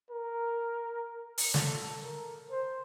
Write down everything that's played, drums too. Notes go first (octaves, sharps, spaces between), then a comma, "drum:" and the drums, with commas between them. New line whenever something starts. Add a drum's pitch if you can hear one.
A#4
drum: open hi-hat
A4, drum: snare
A#4
C5